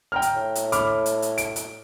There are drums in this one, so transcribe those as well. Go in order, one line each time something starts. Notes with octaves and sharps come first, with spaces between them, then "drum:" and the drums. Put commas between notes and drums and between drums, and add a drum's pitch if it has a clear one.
G5 A#5 F6
drum: hi-hat
A2
drum: hi-hat
B5 D6 F6, drum: hi-hat
drum: hi-hat
drum: hi-hat
D7, drum: hi-hat
drum: hi-hat